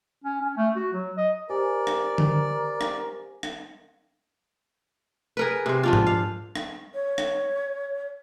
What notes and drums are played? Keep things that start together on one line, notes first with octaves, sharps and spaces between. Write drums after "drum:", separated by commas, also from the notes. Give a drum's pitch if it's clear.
C#4
C#4
A3
F#4
F#3
D#5
G4 A#4 C5 D5 G#5
drum: rim click
drum: tom D3
drum: rim click
drum: rim click
G#4 A#4 B4
C3 C5
F3 D4 F4
drum: tom G#2
F5
drum: rim click
C#5
drum: rim click